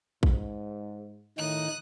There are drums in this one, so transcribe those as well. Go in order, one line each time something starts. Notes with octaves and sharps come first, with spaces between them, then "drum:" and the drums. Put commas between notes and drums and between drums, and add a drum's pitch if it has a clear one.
G#2, drum: kick A1
A2 D#3 D#4 D#6 F#6